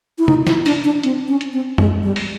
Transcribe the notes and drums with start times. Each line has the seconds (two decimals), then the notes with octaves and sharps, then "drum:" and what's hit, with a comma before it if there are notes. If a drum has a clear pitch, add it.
0.19 E4
0.28 D#4, drum: tom C3
0.47 E4, drum: snare
0.66 D4, drum: open hi-hat
0.84 D4
1.03 C4, drum: hi-hat
1.28 C#4
1.41 drum: hi-hat
1.53 C4
1.78 G#3, drum: tom F#2
2.03 G3
2.16 drum: open hi-hat